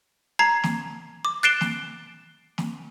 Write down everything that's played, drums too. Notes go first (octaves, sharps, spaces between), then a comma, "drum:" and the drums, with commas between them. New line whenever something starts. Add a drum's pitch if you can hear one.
A5 A#5 G#6 C7
drum: snare
D6
F#6 A6 C7 D7 E7 G7
drum: snare
drum: snare